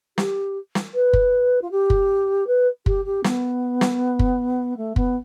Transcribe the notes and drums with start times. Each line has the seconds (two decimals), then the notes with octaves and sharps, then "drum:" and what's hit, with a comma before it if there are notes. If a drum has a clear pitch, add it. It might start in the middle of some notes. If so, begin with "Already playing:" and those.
0.18 G4, drum: snare
0.75 drum: snare
0.94 B4
1.13 drum: kick
1.62 F4
1.71 G4
1.90 drum: kick
2.47 B4
2.86 G4, drum: kick
3.05 G4
3.24 B3, drum: snare
3.81 drum: snare
4.19 drum: kick
4.77 A3
4.96 B3, drum: kick